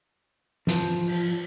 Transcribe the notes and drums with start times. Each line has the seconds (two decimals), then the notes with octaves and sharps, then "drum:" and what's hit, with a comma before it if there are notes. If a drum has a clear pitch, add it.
0.67 F3, drum: snare
1.07 drum: cymbal